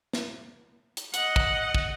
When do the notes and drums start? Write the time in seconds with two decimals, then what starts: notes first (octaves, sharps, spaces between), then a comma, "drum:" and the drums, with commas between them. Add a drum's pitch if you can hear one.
0.13 drum: snare
0.97 drum: hi-hat
1.14 D#5 F#5, drum: hi-hat
1.36 drum: kick
1.75 drum: kick